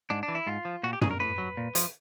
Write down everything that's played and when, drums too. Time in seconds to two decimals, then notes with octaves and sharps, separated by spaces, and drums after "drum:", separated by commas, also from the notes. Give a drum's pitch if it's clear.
0.10 G#2 D4
0.23 D4
0.28 E3
0.35 E4
0.47 G#2 F4
0.65 F3
0.83 A#2 F#4
0.93 G4
1.01 F#3 G#4, drum: tom
1.11 A#4
1.20 A2 B4
1.38 F#3
1.57 A#2
1.75 F3, drum: hi-hat